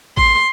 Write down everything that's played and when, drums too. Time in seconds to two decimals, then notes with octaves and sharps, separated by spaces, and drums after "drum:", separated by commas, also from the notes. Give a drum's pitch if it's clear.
0.17 C6, drum: kick